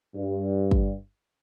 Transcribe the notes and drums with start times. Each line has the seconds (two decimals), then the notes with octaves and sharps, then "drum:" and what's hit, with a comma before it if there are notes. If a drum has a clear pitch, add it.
0.14 G2
0.71 drum: kick